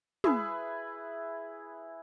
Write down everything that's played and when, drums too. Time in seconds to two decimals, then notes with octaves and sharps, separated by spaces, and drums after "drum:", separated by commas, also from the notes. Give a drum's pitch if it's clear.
0.24 E4 G#4 B4, drum: tom